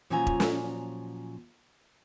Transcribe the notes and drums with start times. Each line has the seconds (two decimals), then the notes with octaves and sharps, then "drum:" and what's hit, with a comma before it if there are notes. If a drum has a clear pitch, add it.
0.10 A#2 F3 F#3 C#4 G#5 A#5
0.27 drum: kick E1
0.40 drum: snare